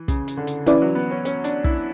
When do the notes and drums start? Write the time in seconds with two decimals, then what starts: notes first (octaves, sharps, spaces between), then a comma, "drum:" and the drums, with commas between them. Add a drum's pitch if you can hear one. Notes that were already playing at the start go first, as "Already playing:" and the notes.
Already playing: E3
0.08 C#3, drum: kick, hi-hat
0.28 drum: hi-hat
0.37 D3
0.47 drum: hi-hat
0.66 E3 C#4 E4 B4 D5, drum: hi-hat
0.82 F#3
0.95 B3
1.11 C#4
1.25 C#4, drum: hi-hat
1.44 D4, drum: hi-hat
1.64 E4, drum: kick